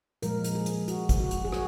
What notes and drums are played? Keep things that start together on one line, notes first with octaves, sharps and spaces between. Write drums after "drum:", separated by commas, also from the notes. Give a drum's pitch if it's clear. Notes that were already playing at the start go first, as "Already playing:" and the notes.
A#2 F3 G#3 A#4, drum: hi-hat
drum: hi-hat
G#4
drum: hi-hat
F#4, drum: hi-hat
drum: kick, hi-hat
F#4
drum: hi-hat
G#4
F#4, drum: rim click